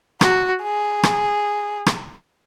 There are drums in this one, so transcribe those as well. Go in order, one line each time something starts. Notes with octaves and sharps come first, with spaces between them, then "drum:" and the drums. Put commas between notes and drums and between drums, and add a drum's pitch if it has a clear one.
F#4, drum: rim click
G#4
drum: rim click
drum: rim click